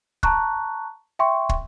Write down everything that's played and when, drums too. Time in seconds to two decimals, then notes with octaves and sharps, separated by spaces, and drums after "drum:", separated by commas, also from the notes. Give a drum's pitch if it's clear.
0.23 A5 A#5 C#6 F#6, drum: kick
1.19 E5 G5 C6 C#6
1.49 drum: kick